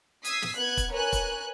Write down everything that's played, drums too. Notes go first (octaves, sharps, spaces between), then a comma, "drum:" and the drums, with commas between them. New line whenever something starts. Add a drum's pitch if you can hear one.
D#6 E6 G#6 B6 C7, drum: hi-hat
drum: snare
B3 F#6 G#6
drum: kick, hi-hat
A#4 B4 C#5 G#5 F#6
drum: kick, hi-hat